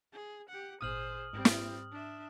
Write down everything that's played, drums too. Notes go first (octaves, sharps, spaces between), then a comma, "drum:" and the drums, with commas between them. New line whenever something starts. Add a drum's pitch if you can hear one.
G#4
G4 F#5
G#1 A#2 G#4 C5 D#6 F6 D#7 F#7
G#2 G3 C4
drum: snare
D4 E5